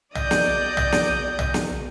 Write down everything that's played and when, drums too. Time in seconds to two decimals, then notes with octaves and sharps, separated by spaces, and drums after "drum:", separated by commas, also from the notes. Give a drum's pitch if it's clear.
0.15 D5 D#5 G6, drum: tom
0.31 drum: snare
0.77 drum: tom
0.92 drum: snare
1.39 drum: tom
1.54 drum: snare